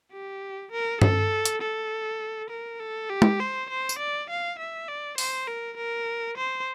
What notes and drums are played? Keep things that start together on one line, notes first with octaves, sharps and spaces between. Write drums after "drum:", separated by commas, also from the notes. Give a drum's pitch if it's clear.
G4
A#4
A4, drum: tom G2
drum: hi-hat
A4
A#4
A4
G4
drum: tom
C5
C5
drum: tambourine
D5
F5
E5
D5
C5, drum: open hi-hat
A#4
A#4
C5